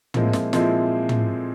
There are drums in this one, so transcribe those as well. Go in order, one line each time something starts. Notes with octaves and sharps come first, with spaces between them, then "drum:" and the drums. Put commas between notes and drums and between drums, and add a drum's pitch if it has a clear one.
A#2 F3 G#3 C4 E4, drum: tom
drum: snare
A#2 F3 G#3 C4 E4, drum: snare
drum: tom